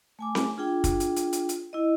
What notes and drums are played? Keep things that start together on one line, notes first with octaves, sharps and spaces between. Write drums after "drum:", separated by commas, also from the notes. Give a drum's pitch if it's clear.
A3 G#5 D6
drum: snare C4
D4 F4 G#4 G5
drum: kick, hi-hat
drum: hi-hat
drum: hi-hat
drum: hi-hat
drum: hi-hat
E4 D#5